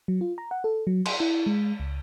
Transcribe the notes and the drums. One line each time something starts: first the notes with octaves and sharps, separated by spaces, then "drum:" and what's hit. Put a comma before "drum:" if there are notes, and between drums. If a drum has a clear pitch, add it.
F#3
F4
A#5
F#5
A4
F#3
C6, drum: cymbal
E4
G#3
C#2